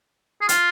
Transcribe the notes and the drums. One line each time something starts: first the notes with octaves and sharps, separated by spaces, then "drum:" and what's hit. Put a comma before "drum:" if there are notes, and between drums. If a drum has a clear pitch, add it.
G#4
F4, drum: hi-hat